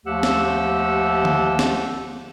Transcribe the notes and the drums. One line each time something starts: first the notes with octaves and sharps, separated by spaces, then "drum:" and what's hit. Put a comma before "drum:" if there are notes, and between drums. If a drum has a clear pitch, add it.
D#2 F3 A3 G4 F#5 E6
drum: snare
drum: tom D3
drum: snare